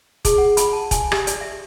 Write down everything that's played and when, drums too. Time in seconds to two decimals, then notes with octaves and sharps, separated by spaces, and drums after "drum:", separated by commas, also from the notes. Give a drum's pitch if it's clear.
0.25 G#4, drum: kick E1, hi-hat
0.38 F#5
0.57 B5, drum: hi-hat
0.73 A5
0.91 G#5, drum: kick E1, hi-hat
1.12 G4, drum: rim click
1.27 D5, drum: hi-hat
1.41 E5